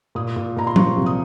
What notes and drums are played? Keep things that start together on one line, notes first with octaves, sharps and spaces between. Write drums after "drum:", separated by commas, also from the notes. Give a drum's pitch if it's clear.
A#2 D#6
A#2
A#2 A#5
C6
F3 C#6, drum: tom F#3
C2
D#6